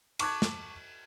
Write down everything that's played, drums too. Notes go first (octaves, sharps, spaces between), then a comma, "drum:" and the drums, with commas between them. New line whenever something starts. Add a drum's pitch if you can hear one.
A5 C#6 D6 F#6 G#6, drum: cymbal
drum: snare